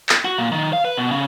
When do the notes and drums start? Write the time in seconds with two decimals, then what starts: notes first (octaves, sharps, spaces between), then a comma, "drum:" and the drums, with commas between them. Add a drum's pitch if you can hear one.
0.09 drum: clap
0.25 F#4
0.38 A#2
0.52 D#3
0.73 F5
0.85 B4
0.97 B2
1.11 C#3